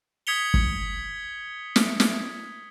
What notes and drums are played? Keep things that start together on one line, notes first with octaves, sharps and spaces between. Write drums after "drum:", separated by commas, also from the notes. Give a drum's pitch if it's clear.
D#6 G#6 B6 C#7 F7 G7
drum: kick G1
drum: snare
drum: snare